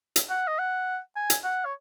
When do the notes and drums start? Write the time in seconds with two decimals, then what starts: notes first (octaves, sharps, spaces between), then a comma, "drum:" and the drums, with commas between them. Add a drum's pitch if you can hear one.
0.16 drum: hi-hat
0.30 F#5
0.47 D#5
0.58 F#5
1.16 G#5
1.30 drum: hi-hat
1.44 F#5
1.65 C#5